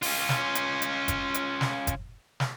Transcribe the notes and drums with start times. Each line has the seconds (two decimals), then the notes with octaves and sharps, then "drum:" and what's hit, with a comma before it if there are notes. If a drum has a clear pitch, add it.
0.03 C#4 F4, drum: open hi-hat
0.29 drum: snare
0.55 drum: hi-hat
0.82 drum: hi-hat
1.08 drum: kick F#1, hi-hat
1.34 drum: hi-hat
1.61 drum: snare
1.87 drum: kick F#1, hi-hat
2.40 drum: snare